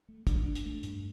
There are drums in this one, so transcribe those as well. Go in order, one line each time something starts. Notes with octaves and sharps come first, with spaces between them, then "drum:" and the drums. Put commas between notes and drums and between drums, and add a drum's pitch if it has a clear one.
A3
D4, drum: kick, hi-hat
D4
drum: hi-hat
A3
G2, drum: hi-hat